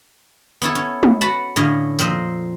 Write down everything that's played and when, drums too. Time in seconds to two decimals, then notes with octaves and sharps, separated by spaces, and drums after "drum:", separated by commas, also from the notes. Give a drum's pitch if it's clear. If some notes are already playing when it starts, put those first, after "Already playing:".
0.62 B3 C#4 E4 A4
0.75 C#4
1.03 drum: tom
1.21 F#4 B4 F#5 A5 B5
1.56 A2 D3 C#4 D#5 F5
1.99 F2 A#2 C4 C5 D#5, drum: tambourine